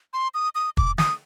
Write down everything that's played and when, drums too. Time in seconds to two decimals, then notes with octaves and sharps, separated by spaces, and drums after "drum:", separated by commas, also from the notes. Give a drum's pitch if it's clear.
0.13 C6
0.34 D#6
0.55 D#6
0.77 D6, drum: kick
0.98 D#6, drum: snare